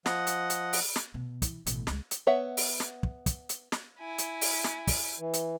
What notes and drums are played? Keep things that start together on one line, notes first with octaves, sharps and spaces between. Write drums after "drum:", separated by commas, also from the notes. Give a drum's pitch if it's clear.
F3 D#5 F#5, drum: snare
drum: hi-hat
drum: hi-hat
drum: open hi-hat
drum: snare
B2
E3, drum: kick, hi-hat
A1 B2, drum: hi-hat
C#2 G#3, drum: snare
drum: hi-hat
B3 C#5 E5 F#5
drum: open hi-hat
drum: snare
drum: kick
drum: kick, hi-hat
drum: hi-hat
drum: snare
E4 G#5
drum: hi-hat
drum: open hi-hat
drum: snare
drum: kick, open hi-hat
E3
drum: hi-hat